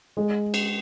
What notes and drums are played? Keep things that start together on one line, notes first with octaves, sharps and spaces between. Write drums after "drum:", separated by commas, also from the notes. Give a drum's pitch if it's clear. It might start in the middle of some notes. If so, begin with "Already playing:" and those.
G#3
drum: cymbal